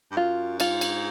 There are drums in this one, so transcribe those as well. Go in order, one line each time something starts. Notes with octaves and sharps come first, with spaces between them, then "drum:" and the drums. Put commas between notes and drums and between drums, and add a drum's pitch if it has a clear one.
G2
F#2 F4
G#2 F4, drum: cymbal
drum: cymbal